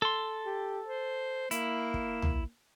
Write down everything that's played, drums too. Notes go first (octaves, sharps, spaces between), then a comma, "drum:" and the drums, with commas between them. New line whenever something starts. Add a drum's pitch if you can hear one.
A4 C6
G4
C5
A#3 E4, drum: hi-hat
drum: kick
drum: tom